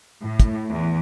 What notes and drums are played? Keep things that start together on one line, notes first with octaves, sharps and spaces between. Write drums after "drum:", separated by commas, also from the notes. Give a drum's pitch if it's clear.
A2
drum: kick, hi-hat
E2